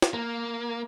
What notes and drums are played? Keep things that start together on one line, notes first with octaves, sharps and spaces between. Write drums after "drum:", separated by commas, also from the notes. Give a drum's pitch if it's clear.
drum: snare
A#3